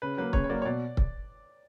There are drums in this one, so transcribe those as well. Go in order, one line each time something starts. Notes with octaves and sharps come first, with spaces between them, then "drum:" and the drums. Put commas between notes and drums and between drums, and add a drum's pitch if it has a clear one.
C#3 B4
F#3 A#3 B4
C#3 C#5, drum: kick C#1
C#5
F#3 A#3 D5
C#5
B2 D5
drum: kick C#1